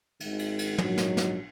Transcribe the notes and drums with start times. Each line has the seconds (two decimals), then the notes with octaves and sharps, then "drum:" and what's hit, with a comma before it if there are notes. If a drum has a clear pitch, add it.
0.20 G#1 G#2 D#3 G#3, drum: cymbal
0.39 drum: cymbal
0.59 drum: cymbal
0.78 A#1 G#2 D#3 F#3, drum: tom
0.97 drum: snare
1.17 drum: snare